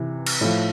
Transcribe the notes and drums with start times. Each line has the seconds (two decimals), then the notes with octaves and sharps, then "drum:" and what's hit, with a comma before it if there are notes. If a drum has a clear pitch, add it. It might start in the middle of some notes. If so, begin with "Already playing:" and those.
Already playing: C3 E3
0.27 drum: cymbal
0.41 A2 F3